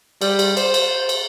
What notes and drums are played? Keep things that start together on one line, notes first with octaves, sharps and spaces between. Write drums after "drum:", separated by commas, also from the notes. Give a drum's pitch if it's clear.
G3, drum: cymbal
drum: cymbal
C5, drum: cymbal
drum: cymbal
drum: cymbal